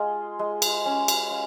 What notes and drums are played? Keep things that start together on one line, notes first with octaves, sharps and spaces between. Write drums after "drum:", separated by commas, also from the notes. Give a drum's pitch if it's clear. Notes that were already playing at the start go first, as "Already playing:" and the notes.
Already playing: G#3 F4 F5
G#3
drum: cymbal
C#4
drum: cymbal
F5